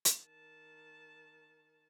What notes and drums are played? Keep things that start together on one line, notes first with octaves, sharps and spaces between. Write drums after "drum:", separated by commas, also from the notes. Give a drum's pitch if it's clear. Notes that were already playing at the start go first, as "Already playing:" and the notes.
drum: hi-hat
D#3 A5